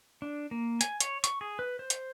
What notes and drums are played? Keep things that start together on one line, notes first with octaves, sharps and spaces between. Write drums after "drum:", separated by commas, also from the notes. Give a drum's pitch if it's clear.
D4
A#3
G#5, drum: hi-hat
C#5, drum: hi-hat
C#6, drum: hi-hat
G#4
B4
C5
drum: hi-hat